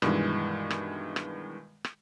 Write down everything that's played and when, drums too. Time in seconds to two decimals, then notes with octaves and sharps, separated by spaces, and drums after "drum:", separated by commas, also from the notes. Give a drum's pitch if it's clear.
0.02 G2 B2 D#3 E3 G#3, drum: rim click
0.70 drum: rim click
1.16 drum: rim click
1.84 drum: rim click